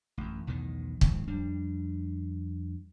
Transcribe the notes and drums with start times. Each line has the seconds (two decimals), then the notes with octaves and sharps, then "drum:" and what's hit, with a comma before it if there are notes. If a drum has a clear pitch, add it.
0.18 A1 F#2
0.47 B1 E2 A2 D#3
1.01 G#2 D#3 F3 C4, drum: kick
1.27 F2 G3 D4